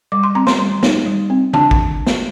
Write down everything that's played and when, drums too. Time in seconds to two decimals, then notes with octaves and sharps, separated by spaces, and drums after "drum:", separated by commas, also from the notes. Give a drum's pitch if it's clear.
0.12 G3 D6
0.23 C6
0.35 C4 A#5
0.47 C6, drum: snare
0.59 G3
0.83 D#4, drum: snare
1.06 G3
1.30 C4
1.53 D4 A5, drum: tom C#3
1.71 drum: kick
2.07 drum: snare